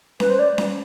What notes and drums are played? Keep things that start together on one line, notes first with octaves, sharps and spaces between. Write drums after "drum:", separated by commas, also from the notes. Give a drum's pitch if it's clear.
B4, drum: snare C#4
C5
D5
drum: snare C#4